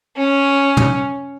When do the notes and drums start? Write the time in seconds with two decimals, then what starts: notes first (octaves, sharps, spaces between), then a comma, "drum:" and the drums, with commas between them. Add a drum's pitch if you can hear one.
0.17 C#4
0.77 drum: tom